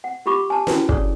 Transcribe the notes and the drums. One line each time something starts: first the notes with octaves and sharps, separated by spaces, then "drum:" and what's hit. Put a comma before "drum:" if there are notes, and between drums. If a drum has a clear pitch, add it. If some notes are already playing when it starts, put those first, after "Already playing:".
F#5
F4 G4 B5 C#6 D6
G#5 A5
C#4 E4 F#4 A#4 B4 C#5, drum: snare
D4 G#4 A4 C#5 D5, drum: kick